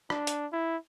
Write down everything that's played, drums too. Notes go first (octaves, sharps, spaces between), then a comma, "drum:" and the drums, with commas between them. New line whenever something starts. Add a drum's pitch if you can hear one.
D4, drum: rim click
drum: hi-hat
E4